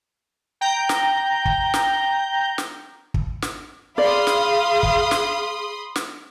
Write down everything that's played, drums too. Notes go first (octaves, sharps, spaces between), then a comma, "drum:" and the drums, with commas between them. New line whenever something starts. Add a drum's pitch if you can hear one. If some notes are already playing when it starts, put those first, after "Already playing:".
G5 A#5 G6
drum: snare
drum: kick
drum: snare
drum: snare
drum: kick
drum: snare
G#4 D5 F5 B5 C6 D#6
drum: snare
drum: kick
drum: snare
drum: snare